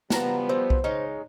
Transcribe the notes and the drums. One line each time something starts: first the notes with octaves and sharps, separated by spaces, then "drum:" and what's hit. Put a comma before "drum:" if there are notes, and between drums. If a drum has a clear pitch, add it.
F3 G3 B3 F#5 A5 A#5, drum: snare
C4 F#4 C5
drum: kick B1
G#3 C#4 D#4